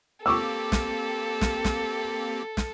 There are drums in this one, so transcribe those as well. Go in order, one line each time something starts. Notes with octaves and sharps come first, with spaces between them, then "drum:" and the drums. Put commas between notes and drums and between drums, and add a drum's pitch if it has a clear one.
A#3 C4 G4 A4 C#6 D6 E6
drum: snare
drum: snare
drum: snare
drum: snare